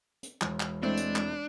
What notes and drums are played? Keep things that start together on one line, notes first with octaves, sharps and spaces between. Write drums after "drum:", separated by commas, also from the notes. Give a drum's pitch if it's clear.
drum: hi-hat
E1, drum: clap
drum: clap
G#3 A3 C4 D4 E4
drum: hi-hat
drum: clap